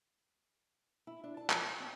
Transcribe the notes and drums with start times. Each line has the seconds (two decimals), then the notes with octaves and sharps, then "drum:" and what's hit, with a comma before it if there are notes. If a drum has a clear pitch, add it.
1.07 E4
1.24 D4
1.37 A5
1.50 F3, drum: clap
1.63 C#5
1.80 C4